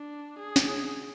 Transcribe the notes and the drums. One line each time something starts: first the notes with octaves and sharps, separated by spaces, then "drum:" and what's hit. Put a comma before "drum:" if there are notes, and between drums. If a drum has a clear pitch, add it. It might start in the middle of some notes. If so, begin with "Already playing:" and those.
Already playing: D4
G#4
drum: snare